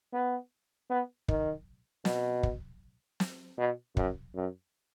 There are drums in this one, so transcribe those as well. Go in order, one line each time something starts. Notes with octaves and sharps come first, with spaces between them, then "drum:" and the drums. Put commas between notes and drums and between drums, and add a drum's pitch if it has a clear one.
B3
B3
D#3, drum: kick
B2, drum: snare
drum: kick
drum: snare
B2
F#2, drum: kick
F#2